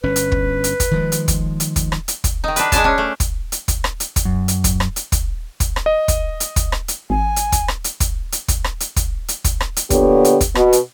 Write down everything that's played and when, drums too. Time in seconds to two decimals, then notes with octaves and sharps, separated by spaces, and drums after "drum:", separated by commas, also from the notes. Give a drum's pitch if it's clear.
0.03 G1 C#4 B4
0.16 drum: hi-hat
0.32 drum: kick
0.64 drum: hi-hat
0.80 drum: kick, hi-hat
0.91 D#3 F3 G#3
1.12 drum: hi-hat
1.28 drum: kick, hi-hat
1.60 drum: hi-hat
1.76 drum: kick, hi-hat
1.92 drum: rim click
2.08 drum: hi-hat
2.24 drum: kick, hi-hat
2.44 D#3 D#4
2.56 D4 B4, drum: hi-hat
2.72 G#3 D4 G#5 A5, drum: kick, hi-hat
2.84 C#4 D4
2.98 A3
3.20 drum: kick, hi-hat
3.52 drum: hi-hat
3.68 drum: kick, hi-hat
3.84 drum: rim click
4.00 drum: hi-hat
4.16 drum: kick, hi-hat
4.25 F#2
4.48 drum: hi-hat
4.64 drum: kick, hi-hat
4.80 drum: rim click
4.96 drum: hi-hat
5.12 drum: kick, hi-hat
5.60 drum: kick, hi-hat
5.76 drum: rim click
5.86 D#5
6.08 drum: kick, hi-hat
6.40 drum: hi-hat
6.56 drum: kick, hi-hat
6.72 drum: rim click
6.88 drum: hi-hat
7.10 G#1 G#5
7.36 drum: hi-hat
7.52 drum: kick, hi-hat
7.68 drum: rim click
7.84 drum: hi-hat
8.00 drum: kick, hi-hat
8.32 drum: hi-hat
8.48 drum: kick, hi-hat
8.64 drum: rim click
8.80 drum: hi-hat
8.96 drum: kick, hi-hat
9.28 drum: hi-hat
9.44 drum: kick, hi-hat
9.60 drum: rim click
9.76 drum: hi-hat
9.90 A#2 D3 B3 G4 C#5, drum: kick, hi-hat
10.25 drum: hi-hat
10.41 drum: kick, hi-hat
10.55 B2, drum: rim click
10.73 drum: hi-hat